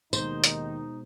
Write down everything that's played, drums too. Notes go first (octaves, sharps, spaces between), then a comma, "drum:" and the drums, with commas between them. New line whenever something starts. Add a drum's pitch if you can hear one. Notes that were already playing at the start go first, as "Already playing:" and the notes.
D#2 B2 D#3 G#3 D#4 C5, drum: tambourine
drum: hi-hat